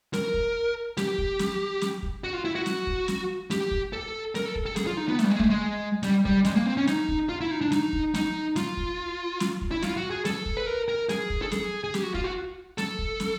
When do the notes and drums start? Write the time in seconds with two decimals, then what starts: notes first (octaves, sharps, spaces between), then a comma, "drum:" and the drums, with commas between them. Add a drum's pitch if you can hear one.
0.13 A#4, drum: snare
0.34 drum: kick
0.97 G4, drum: snare
1.18 drum: kick
1.39 drum: snare
1.81 drum: snare
2.03 drum: kick
2.24 F#4
2.34 F4
2.45 E4
2.55 F#4
2.66 drum: snare
2.87 drum: kick
3.08 drum: snare
3.51 G4, drum: snare
3.71 drum: kick
3.93 A4
4.35 A#4, drum: snare
4.45 A4
4.55 drum: kick
4.66 A4
4.76 G#4, drum: snare
4.87 F4
4.97 D#4
5.08 B3
5.19 A3, drum: snare
5.24 G3
5.30 G#3
5.39 A3, drum: kick
5.50 G#3
6.03 G3, drum: snare
6.25 G3, drum: kick
6.45 G#3, drum: snare
6.56 A#3
6.66 C4
6.77 C#4
6.87 D#4, drum: snare
7.08 drum: kick
7.29 F4
7.41 E4
7.51 D#4
7.61 D4
7.72 D#4, drum: snare
7.93 drum: kick
8.14 D#4, drum: snare
8.56 F4, drum: snare
8.77 drum: kick
9.40 drum: snare
9.61 drum: kick
9.71 E4
9.82 F4, drum: snare
9.97 F#4
10.11 G#4
10.25 A4, drum: snare
10.46 drum: kick
10.57 B4
10.66 A#4
10.88 A#4
11.09 G#4, drum: snare
11.30 drum: kick
11.42 A4
11.52 G#4, drum: snare
11.84 G#4
11.94 G4, drum: snare
12.03 F#4
12.14 F4, drum: kick
12.24 F#4
12.78 A4, drum: snare
12.99 drum: kick
13.20 drum: snare